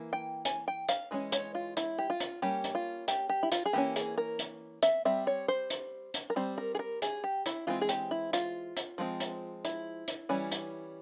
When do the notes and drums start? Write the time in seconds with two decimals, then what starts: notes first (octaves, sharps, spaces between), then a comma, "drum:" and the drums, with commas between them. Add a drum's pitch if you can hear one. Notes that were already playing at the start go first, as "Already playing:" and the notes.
Already playing: E3 A#3
0.13 G5
0.45 G#5, drum: hi-hat
0.68 G5
0.89 F5, drum: hi-hat
1.11 E3 G#3 C#4
1.32 C#5, drum: hi-hat
1.55 F4
1.77 E4, drum: hi-hat
1.98 G4
2.10 F4
2.20 drum: hi-hat
2.42 G3 A#3 C#4 G4
2.64 drum: hi-hat
2.75 F4
3.08 G4, drum: hi-hat
3.29 G4
3.43 E4
3.52 F4, drum: hi-hat
3.66 G#4
3.73 E3 A#3 C#4 G4
3.96 G#4, drum: hi-hat
4.18 A#4
4.39 drum: hi-hat
4.83 E5, drum: hi-hat
5.05 G3 C4 E5
5.27 C#5
5.48 C5
5.70 drum: hi-hat
6.14 drum: hi-hat
6.30 A#4
6.36 G3 C4 C5
6.58 A#4
6.75 G#4
6.79 A#4
7.02 G#4, drum: hi-hat
7.24 G4
7.46 E4, drum: hi-hat
7.67 E3 G#3 C4 F4
7.81 G#4
7.89 G4, drum: hi-hat
8.11 E4
8.33 F4, drum: hi-hat
8.77 drum: hi-hat
8.98 F3 G#3 C4
9.20 drum: hi-hat
9.65 E4, drum: hi-hat
10.08 drum: hi-hat
10.29 E3 G3 C#4
10.52 drum: hi-hat